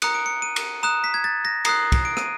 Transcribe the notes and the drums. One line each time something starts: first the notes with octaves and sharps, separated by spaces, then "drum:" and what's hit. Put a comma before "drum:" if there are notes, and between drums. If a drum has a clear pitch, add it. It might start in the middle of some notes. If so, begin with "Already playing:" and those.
A#5 D#6 F#6 C#7, drum: cymbal
D7
C#7
D#7
drum: cymbal
A#5 D#6 F#6 E7
B6
G#6
A6
A#6
A#5 D#6 F#6 C7, drum: cymbal
drum: kick, cymbal
D7
D#7, drum: rim click